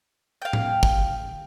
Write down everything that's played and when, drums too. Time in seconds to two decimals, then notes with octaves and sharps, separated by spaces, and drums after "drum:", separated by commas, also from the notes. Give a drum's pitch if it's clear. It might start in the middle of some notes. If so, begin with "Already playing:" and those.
0.42 F5 G5
0.53 drum: tom A2
0.83 drum: kick